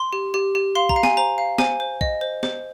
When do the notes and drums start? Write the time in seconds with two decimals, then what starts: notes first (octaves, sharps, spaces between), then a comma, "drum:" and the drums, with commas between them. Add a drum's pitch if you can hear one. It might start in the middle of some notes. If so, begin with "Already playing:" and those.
Already playing: C6
0.13 G4
0.34 G4
0.55 G4
0.75 F5 C6
0.89 A#5, drum: kick
0.96 F5
1.03 G#5, drum: snare
1.17 C5 A#5
1.38 F5
1.58 C5 G#5, drum: snare
1.80 C5
2.01 D#5, drum: kick
2.21 C5
2.43 C5, drum: snare